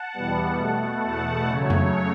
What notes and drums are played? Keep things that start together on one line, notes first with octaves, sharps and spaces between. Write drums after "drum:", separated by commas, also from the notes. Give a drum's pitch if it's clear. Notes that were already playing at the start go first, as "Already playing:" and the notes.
Already playing: F#5 A5
E2 B2 G3 B3
B2 A3
E2 B2 A3 F#5 A5
C#3 F#3 A3 C#5
drum: tom F2